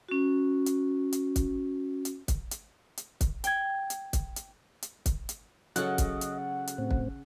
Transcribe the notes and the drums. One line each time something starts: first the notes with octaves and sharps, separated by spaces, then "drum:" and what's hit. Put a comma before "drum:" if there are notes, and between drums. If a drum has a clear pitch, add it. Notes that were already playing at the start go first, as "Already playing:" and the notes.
C#4 F#4
drum: hi-hat
drum: hi-hat
drum: kick, hi-hat
drum: hi-hat
drum: kick, hi-hat
drum: hi-hat
drum: hi-hat
drum: kick, hi-hat
G5 G#6, drum: hi-hat
drum: hi-hat
drum: kick, hi-hat
drum: hi-hat
drum: hi-hat
drum: kick, hi-hat
drum: hi-hat
C#3 F#3 A4 C#5 D#5 F#5, drum: hi-hat
drum: kick, hi-hat
drum: hi-hat
drum: hi-hat
A2 C4
drum: kick